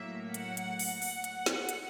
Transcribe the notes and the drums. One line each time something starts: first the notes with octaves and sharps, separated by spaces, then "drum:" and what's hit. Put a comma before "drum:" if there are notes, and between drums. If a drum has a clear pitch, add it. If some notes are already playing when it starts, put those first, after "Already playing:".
Already playing: A2 F#3 A#3 E5
F#5, drum: hi-hat
drum: hi-hat
drum: open hi-hat
drum: open hi-hat
drum: hi-hat
drum: snare
drum: hi-hat